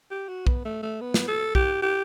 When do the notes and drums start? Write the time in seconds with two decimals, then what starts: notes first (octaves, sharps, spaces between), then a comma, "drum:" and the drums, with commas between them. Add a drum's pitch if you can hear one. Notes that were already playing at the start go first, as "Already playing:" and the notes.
0.11 G4
0.28 F#4
0.47 B3, drum: kick B1
0.65 A3
0.83 A3
1.01 B3
1.14 drum: snare
1.28 A4
1.55 G4, drum: kick B1
1.82 G4